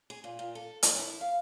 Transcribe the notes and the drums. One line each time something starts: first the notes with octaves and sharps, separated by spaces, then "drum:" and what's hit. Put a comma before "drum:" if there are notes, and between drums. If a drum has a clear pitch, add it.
G#4
A#2
A#2
A4
F#2, drum: hi-hat
E4
F5